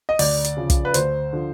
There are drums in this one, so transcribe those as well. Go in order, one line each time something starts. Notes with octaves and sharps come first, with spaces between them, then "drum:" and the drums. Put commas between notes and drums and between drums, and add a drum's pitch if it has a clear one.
D#5
D2 D5, drum: open hi-hat
drum: hi-hat
C#3 F3
drum: kick, hi-hat
B4
D2 C5, drum: hi-hat
D3 F3